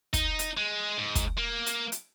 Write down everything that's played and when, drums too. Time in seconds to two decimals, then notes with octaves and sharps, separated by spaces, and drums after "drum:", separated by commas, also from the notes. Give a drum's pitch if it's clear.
0.13 D#4, drum: kick, hi-hat
0.39 drum: hi-hat
0.57 G#3
0.98 G#2
1.15 drum: kick, hi-hat
1.38 A#3
1.66 drum: hi-hat
1.92 drum: hi-hat